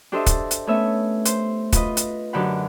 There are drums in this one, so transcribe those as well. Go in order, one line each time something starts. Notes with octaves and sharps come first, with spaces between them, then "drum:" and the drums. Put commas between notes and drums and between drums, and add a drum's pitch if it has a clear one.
D4 G4 A4 C5 D#5 E5
drum: kick, hi-hat
drum: hi-hat
A3 B3 C#4 C#5 E5
C5, drum: hi-hat
F4 B4 D#5, drum: kick, hi-hat
drum: hi-hat
F#2 D3 D#4 G4 F#5 B5